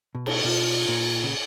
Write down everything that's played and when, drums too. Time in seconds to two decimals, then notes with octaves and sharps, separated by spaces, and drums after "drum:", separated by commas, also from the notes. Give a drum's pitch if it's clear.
0.15 B2
0.26 drum: cymbal
0.44 B2 F4
0.89 A#2
1.23 C#3